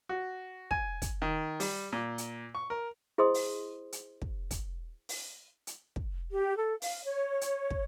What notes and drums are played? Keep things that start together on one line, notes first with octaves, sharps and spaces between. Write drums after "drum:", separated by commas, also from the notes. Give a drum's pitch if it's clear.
F#4
G#5, drum: kick
drum: kick, hi-hat
D#3
G3, drum: open hi-hat
A#2
drum: hi-hat
C#6
A#4
E4 G#4 C5 D#5 C6 D#6
drum: open hi-hat
drum: hi-hat
drum: kick
drum: kick, hi-hat
drum: open hi-hat
drum: hi-hat
drum: kick
G4
A4
F5, drum: open hi-hat
C#5
drum: hi-hat
drum: kick